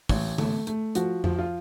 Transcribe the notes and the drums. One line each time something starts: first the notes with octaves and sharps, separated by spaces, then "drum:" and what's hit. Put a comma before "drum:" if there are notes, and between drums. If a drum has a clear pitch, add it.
A1, drum: kick, open hi-hat
A3, drum: tom D3
A3, drum: hi-hat
F3 F#4, drum: hi-hat
F3, drum: tom F2
F4